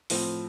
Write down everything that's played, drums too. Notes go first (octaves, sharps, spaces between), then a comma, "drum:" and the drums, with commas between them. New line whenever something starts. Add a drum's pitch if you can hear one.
A2 F3 C4, drum: open hi-hat